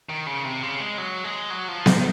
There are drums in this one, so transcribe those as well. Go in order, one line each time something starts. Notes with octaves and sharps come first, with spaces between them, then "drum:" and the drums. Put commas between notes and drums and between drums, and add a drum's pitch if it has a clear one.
D#3
C#3
C3
C#3
G#3
F#3
G#3
F#3
F3
D#3, drum: snare B3